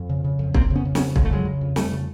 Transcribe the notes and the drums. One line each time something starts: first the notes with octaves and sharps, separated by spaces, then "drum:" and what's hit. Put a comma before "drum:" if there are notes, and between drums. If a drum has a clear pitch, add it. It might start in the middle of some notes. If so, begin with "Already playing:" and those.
Already playing: F2
C#3
C#3
F2
F2 A#3 C4, drum: kick
C#3
B3 C#4
C#3
B3 C#4, drum: snare
F2
F2 G#3, drum: kick
A3
C#3 F#3 G#3
C#3
F2
F2 G3 A3, drum: snare
C#3